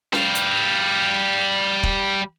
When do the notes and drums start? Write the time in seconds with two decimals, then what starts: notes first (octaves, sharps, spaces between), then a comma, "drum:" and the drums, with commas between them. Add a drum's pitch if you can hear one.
0.13 G3 F5, drum: snare C#4
0.35 drum: hi-hat
1.83 drum: kick